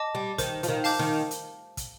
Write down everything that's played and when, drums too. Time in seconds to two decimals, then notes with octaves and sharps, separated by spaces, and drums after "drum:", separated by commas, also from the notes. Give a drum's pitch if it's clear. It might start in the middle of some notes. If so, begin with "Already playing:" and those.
Already playing: D#5 A5 D6
0.15 G3
0.38 D#3 C5, drum: kick, hi-hat
0.63 F3, drum: hi-hat
0.68 D#3
0.84 F5 A5 D6 G6, drum: open hi-hat
0.99 D#3
1.31 drum: hi-hat
1.77 drum: kick, hi-hat